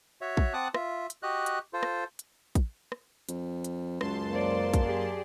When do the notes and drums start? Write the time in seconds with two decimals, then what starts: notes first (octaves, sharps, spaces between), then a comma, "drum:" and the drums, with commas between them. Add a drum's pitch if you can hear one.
0.21 F#4 C#5 E5
0.37 drum: kick
0.53 C4 F#5 A5 D6 D#6 F#6
0.74 F4 E5, drum: rim click
1.10 drum: hi-hat
1.23 F#4 G4 D#5 F#6
1.46 drum: hi-hat
1.73 F4 A4 C5
1.83 drum: rim click
2.19 drum: hi-hat
2.55 drum: kick, hi-hat
2.92 drum: rim click
3.29 F2, drum: hi-hat
3.64 drum: hi-hat
4.01 C#2 F#2 A5 C6, drum: rim click
4.31 A#3 C5 D5
4.74 drum: kick, hi-hat
4.83 G4 G#4 D5